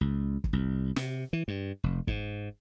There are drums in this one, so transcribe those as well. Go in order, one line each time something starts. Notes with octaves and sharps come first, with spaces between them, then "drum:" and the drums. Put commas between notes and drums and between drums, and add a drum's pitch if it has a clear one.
C#2
drum: kick
C2
C3, drum: snare
E3
G2
F1
G#2, drum: kick